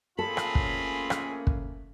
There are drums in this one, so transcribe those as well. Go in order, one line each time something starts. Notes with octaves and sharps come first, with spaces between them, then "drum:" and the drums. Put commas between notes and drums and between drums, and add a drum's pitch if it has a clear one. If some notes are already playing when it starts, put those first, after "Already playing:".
A3 A#3 C4 C#4 F4 G#4 A4 B5
drum: rim click
drum: kick
drum: rim click
drum: kick